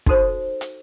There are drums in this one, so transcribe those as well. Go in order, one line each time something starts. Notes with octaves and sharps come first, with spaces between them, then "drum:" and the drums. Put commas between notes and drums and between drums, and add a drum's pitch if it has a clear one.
D#4 F#4 A4 C5, drum: kick
drum: hi-hat